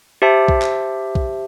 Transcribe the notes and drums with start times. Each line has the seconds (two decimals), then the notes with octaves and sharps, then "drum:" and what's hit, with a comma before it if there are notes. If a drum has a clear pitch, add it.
0.22 G4 C5 E5 A5
0.48 drum: kick B1
0.62 drum: clap
1.15 drum: kick B1